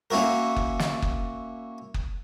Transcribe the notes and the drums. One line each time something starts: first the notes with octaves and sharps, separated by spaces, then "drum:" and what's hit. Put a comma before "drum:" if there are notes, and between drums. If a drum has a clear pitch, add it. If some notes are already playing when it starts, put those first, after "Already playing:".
A#3 C#4 E4 F#4 A#4
drum: kick F#1
drum: snare
drum: kick F#1
drum: kick F#1